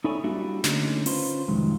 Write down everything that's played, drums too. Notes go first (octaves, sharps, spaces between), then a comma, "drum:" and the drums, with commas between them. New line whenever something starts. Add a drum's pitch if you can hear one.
D#4 E4 A4 C#5 D5 G#5
G3 A#3 D4 E4 F#4 E5
D3 A3 C#4 D#4, drum: snare
C#4 F4 B4 C5, drum: open hi-hat
C2 F2 D#3 F#3 G#3